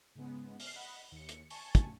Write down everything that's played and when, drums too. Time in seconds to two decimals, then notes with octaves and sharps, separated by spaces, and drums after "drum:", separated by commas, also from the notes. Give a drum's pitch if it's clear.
0.15 G#2 C#3 G#3 B3
0.60 F6 C7, drum: open hi-hat
0.75 D#5 F#5 B5
1.12 D#2 C#7
1.29 drum: hi-hat
1.50 G#5 A5 C#6, drum: open hi-hat
1.75 drum: kick, hi-hat